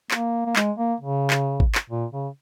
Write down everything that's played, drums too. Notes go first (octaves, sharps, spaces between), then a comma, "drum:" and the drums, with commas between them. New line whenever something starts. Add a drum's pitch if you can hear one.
A#3, drum: clap
A#3
G#3, drum: clap
A#3
C#3
drum: clap
drum: kick
drum: clap
A#2
C#3